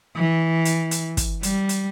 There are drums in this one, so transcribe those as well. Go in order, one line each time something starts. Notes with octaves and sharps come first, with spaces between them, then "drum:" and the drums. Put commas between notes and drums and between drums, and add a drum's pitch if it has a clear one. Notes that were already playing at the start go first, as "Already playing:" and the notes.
E3
drum: hi-hat
drum: hi-hat
drum: kick, hi-hat
G3, drum: hi-hat
drum: hi-hat